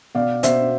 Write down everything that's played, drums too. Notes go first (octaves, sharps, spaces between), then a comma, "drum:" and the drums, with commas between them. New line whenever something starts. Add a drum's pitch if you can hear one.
B2 D5 F5
B2 C5 E5, drum: hi-hat